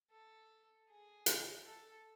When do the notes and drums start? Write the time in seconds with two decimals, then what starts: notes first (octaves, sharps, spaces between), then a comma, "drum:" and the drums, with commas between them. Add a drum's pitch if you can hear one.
0.11 A4
0.88 G#4
1.26 drum: hi-hat
1.65 A4